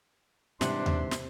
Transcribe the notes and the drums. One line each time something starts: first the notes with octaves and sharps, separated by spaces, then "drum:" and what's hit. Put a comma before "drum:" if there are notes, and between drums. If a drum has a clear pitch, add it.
G#2 C3 E3 G3 D4 E5 F#5 C6, drum: snare
drum: tom D#2
drum: snare